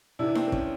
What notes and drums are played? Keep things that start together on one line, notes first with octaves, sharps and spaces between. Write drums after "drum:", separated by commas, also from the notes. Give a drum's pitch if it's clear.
C3 E3 D4 E4
C4 D4, drum: snare D#4
C4
C#4, drum: kick